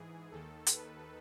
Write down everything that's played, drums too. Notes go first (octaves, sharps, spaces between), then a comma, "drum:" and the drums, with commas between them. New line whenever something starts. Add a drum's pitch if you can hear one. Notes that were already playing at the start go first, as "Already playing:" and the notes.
Already playing: G#2 E3 G#4
D#2 D#3 A4
B4, drum: hi-hat